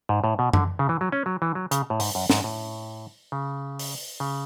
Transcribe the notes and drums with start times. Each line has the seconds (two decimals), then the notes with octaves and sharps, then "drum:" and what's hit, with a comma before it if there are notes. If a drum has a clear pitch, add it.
0.09 G#2
0.24 A2
0.39 B2
0.53 D3, drum: tom F#2
0.79 C#3
0.89 E3
1.01 F#3
1.12 C#4
1.26 F#3
1.42 E3
1.55 F#3
1.71 C#3, drum: hi-hat
1.90 A2
2.00 G#2, drum: open hi-hat
2.15 F#2
2.30 G#2, drum: snare
2.44 A2
3.32 C#3
3.79 drum: open hi-hat
4.20 C#3